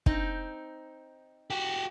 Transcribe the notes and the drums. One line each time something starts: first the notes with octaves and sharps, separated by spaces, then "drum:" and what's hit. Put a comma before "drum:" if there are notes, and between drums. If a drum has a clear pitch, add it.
C4 D#4, drum: kick
F#4 G4